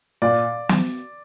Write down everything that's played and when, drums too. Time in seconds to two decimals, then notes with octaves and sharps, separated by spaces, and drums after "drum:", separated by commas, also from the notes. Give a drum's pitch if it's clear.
0.22 A#2 D5
0.69 drum: snare